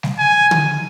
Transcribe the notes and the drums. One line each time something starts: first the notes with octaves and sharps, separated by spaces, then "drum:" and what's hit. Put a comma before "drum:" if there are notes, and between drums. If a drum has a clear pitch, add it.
drum: snare G3
G#5
drum: tom D3